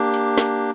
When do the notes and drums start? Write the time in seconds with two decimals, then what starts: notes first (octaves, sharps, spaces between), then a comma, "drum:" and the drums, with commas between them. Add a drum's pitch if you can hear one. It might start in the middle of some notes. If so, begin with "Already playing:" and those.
Already playing: A#3 D4 G4
0.14 drum: hi-hat
0.38 drum: snare